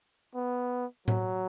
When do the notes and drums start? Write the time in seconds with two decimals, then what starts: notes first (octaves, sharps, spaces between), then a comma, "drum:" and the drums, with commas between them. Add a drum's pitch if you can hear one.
0.35 B3
1.08 F#3, drum: tom A2